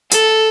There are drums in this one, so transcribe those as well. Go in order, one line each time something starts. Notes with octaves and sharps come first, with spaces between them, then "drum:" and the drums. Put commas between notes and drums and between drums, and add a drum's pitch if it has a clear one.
A4, drum: hi-hat